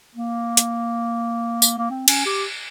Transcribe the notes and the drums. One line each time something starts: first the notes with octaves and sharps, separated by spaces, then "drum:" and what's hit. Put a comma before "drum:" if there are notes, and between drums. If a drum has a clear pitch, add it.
A#3
drum: hi-hat
drum: tambourine
A#3
C4
C#4, drum: cymbal
G4